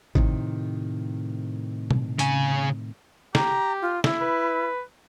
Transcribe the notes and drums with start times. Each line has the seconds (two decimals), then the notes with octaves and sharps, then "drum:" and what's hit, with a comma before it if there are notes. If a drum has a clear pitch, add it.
0.15 A2 C3 D#3, drum: kick
1.91 drum: tom B2
2.19 C#3 G#5, drum: hi-hat
3.35 G4 A#5, drum: snare
3.82 F4
4.04 E4, drum: snare
4.21 B4